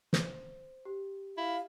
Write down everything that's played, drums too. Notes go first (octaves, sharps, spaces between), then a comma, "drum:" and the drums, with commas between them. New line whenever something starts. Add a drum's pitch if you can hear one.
C5, drum: snare
G4
E4 F5